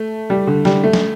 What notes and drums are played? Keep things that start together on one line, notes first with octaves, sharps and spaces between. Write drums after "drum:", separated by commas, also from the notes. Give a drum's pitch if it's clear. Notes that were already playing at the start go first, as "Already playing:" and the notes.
Already playing: A3
G3
D3
G3, drum: snare
A3
drum: snare